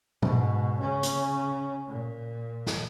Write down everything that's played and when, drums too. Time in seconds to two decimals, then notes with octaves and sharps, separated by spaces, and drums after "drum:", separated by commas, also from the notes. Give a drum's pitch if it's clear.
0.22 G#2 B2, drum: tom A#2
0.80 C#3 C#4
1.03 drum: hi-hat
1.87 A#2
2.66 drum: snare